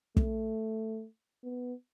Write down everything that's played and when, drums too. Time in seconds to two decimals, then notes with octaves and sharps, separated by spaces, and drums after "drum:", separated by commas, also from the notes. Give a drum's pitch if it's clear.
0.17 A3, drum: kick
1.44 B3